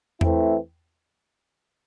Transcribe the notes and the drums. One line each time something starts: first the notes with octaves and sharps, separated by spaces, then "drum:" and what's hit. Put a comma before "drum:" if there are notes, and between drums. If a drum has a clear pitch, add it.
E3 A3 C4 E4, drum: tom E2